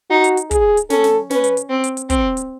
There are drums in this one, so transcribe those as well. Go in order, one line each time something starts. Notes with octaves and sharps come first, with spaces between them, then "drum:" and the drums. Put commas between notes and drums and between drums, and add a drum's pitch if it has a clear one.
D#4 F#4
drum: hi-hat
drum: hi-hat
G#4, drum: kick, hi-hat
drum: hi-hat
C#4 A4, drum: snare
drum: snare
C#4 B4, drum: snare
drum: hi-hat
drum: hi-hat
C4
drum: hi-hat
drum: hi-hat
C4, drum: kick, hi-hat
drum: hi-hat